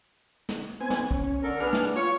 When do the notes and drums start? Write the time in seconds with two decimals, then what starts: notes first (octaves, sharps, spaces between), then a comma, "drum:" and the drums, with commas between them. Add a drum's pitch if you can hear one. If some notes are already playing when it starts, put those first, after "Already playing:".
0.49 drum: snare
0.81 B3 C4 G#5
0.90 drum: snare
1.11 C#4, drum: kick
1.44 D3 A4 A#4
1.60 B3 D4 G#4 F6
1.73 drum: snare
1.96 F4 C#5